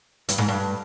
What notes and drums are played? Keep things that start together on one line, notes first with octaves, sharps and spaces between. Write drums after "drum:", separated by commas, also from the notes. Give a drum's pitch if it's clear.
G2, drum: hi-hat
G#2
G2